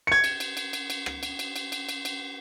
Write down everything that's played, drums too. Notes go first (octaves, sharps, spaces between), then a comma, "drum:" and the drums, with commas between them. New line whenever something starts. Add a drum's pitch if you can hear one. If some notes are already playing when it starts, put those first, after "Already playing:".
G#6 C#7
drum: cymbal
drum: cymbal
drum: cymbal
drum: cymbal
drum: cymbal
drum: rim click
drum: cymbal
drum: cymbal
drum: cymbal
drum: cymbal
drum: cymbal
drum: cymbal